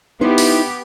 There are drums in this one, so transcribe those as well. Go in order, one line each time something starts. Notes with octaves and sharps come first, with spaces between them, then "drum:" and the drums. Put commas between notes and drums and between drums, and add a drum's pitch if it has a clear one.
B3 D#4 E4 G4 C5
drum: open hi-hat